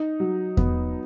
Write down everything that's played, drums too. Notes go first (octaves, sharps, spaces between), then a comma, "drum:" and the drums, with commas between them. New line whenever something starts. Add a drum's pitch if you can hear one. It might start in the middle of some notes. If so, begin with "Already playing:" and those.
Already playing: D#4
F#3
B3, drum: kick E2